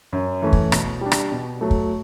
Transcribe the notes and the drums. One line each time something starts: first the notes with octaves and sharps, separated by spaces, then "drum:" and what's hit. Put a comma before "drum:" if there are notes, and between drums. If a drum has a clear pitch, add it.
F#2
E3 A3 C#4
drum: kick
B2, drum: rim click
G3 D4
drum: rim click
B2
F#3 A3
drum: kick